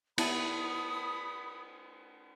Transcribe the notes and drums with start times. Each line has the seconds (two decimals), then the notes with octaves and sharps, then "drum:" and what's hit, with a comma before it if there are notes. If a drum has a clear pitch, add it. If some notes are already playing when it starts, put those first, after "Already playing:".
0.18 B3 E4 A5 B5 D#6, drum: cymbal